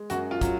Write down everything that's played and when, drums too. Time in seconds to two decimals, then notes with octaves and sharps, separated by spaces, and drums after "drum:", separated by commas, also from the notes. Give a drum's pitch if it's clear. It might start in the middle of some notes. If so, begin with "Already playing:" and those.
Already playing: G#3
0.10 F#2 F#4, drum: hi-hat
0.31 F4
0.41 F#3, drum: kick, hi-hat